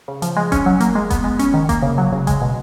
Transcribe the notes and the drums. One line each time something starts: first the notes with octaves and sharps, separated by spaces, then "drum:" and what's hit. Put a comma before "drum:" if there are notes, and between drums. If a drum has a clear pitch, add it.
C#3
F3, drum: hi-hat
G#3
C#4, drum: kick F1, hi-hat
F#3
A#3, drum: hi-hat
G#3
B3, drum: kick F1, hi-hat
G#3
C#4, drum: hi-hat
D#3
A#3, drum: kick F1, hi-hat
C#3
F#3
C#3
G#3, drum: kick F1, hi-hat
B2